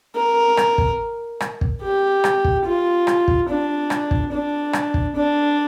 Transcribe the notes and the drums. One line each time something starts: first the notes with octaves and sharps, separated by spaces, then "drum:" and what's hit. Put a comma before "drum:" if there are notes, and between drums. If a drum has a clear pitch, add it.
A#4
drum: rim click
drum: kick
drum: rim click
drum: kick
G4
drum: rim click
drum: kick
F4
drum: rim click
drum: kick
D4
drum: rim click
drum: kick
D4
drum: rim click
drum: kick
D4